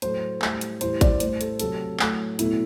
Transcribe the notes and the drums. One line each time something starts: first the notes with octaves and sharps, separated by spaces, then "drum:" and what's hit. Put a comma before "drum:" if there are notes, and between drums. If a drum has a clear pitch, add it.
A2 F#3 A3 C5, drum: hi-hat
A2 G3, drum: clap
drum: hi-hat
A2 E3 G3 C5, drum: hi-hat
D5, drum: kick A1, hi-hat
A2 G3 C5, drum: hi-hat
A4, drum: hi-hat
C3 F#3 A3 A4, drum: hi-hat
A2 F#3 A3, drum: clap
B2 F#3 A3 E4, drum: hi-hat